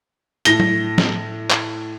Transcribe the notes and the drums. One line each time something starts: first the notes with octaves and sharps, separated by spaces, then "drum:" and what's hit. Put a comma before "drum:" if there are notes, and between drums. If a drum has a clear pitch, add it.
A2 A#6 G7, drum: hi-hat
drum: tom F#3
drum: snare
drum: clap